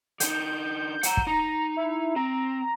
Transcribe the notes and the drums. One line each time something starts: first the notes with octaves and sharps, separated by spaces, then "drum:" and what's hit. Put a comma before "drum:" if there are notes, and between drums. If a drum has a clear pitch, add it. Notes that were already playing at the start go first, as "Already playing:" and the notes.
D3 D#4 G6, drum: hi-hat
F#5 A#5, drum: hi-hat
drum: kick
D#4 A#5
E4
C4 A#5